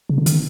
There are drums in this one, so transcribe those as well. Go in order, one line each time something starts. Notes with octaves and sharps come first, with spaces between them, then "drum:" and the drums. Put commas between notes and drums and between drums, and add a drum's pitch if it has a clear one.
C#3
D3
D#3, drum: hi-hat